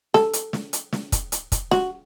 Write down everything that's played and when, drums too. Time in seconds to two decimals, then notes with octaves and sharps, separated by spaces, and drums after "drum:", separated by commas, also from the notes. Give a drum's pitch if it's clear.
0.14 A4, drum: snare
0.33 drum: hi-hat
0.53 drum: snare
0.73 drum: hi-hat
0.93 drum: snare
1.12 drum: kick, hi-hat
1.32 drum: hi-hat
1.52 drum: kick, hi-hat
1.71 F#4, drum: snare